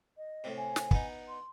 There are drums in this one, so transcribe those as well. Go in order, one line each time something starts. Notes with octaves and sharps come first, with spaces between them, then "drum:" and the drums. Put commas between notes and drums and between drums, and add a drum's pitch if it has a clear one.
D#5
A2 C3
G#5
drum: snare
B3 D#4, drum: kick
C6